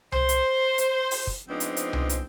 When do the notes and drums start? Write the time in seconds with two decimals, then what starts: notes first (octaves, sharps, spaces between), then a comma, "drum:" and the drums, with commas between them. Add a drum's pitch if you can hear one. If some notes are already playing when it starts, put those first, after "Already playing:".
0.12 C5, drum: tom C2
0.29 drum: hi-hat
0.78 drum: hi-hat
1.11 drum: open hi-hat
1.27 drum: kick
1.48 F3 G#3 B3 C4 D4 D#4
1.60 drum: hi-hat
1.77 drum: hi-hat
1.93 drum: tom C2
2.09 drum: hi-hat